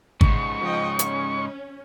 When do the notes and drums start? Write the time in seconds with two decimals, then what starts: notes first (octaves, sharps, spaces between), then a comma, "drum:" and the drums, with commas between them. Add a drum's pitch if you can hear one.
0.21 G#2 C#3 C#6, drum: kick
0.61 F3 D#5 G5
0.99 C#4, drum: hi-hat